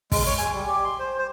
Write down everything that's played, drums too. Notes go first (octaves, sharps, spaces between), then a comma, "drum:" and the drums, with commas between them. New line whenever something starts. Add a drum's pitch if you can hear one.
G#3, drum: kick, open hi-hat
C#5
G#5
G3
G4
C6
C5
C5